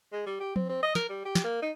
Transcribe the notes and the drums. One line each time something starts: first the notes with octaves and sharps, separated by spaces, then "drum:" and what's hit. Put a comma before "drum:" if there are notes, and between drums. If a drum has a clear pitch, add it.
G#3
G3
G4
C4, drum: tom F3
C4
D#5
A#4, drum: snare
G3
G4
drum: snare
A#3
D#4